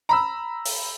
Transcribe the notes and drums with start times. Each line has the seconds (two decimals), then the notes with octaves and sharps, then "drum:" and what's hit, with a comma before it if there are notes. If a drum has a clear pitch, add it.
0.09 A#5 B5 E6
0.65 drum: open hi-hat